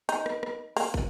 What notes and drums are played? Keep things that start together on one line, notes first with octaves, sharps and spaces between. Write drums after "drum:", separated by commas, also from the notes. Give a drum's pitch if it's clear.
D#4, drum: hi-hat
drum: rim click
drum: rim click
A#3, drum: open hi-hat
drum: kick